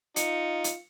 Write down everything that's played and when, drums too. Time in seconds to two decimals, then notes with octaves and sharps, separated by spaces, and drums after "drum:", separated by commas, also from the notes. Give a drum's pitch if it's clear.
0.16 D#4 F4 C#7, drum: hi-hat
0.64 drum: hi-hat